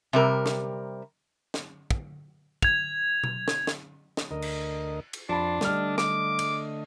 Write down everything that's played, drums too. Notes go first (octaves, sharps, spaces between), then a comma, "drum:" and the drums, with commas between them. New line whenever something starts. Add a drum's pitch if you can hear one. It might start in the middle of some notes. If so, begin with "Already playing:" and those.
C3 G3 A#4
drum: snare
drum: snare
drum: kick
G#6 F7, drum: kick
drum: tom B2
drum: snare
drum: snare
drum: snare
D2 A#4 D#5
drum: cymbal
drum: cymbal
F2 F3 D4 A5 B5 C6
D3 G3 A3 D#5 F6, drum: snare
D6, drum: snare
drum: cymbal